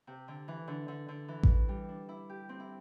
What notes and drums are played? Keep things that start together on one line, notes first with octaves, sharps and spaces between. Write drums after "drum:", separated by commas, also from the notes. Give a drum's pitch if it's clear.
C3
D3
E3
D3
D3
D3
E3
drum: kick A1
G3
D4
E4
G4
C4
E4